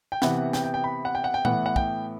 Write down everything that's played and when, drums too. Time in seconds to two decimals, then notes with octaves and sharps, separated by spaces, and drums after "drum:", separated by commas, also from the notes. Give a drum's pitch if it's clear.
0.12 G5
0.22 C3 E3 B3 F#5, drum: snare
0.53 G5, drum: snare
0.64 G5
0.74 G5
0.84 B5
1.05 F#5
1.15 G5
1.24 F#5
1.34 G5
1.45 A2 E3 B3 F#5, drum: tom A#2
1.66 F#5
1.76 G5, drum: kick